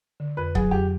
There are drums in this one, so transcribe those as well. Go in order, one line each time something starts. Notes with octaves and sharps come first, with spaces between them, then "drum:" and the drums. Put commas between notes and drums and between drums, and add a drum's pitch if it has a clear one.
D3
F2 B4
F#3 G#4, drum: kick C#1
F2 G4